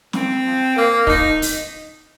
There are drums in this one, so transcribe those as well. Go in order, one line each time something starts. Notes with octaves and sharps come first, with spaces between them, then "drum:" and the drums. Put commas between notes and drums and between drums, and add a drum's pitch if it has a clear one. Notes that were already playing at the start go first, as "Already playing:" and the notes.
A#2 C4, drum: snare
F3
A#2 A#3
F3 D#4, drum: kick
drum: open hi-hat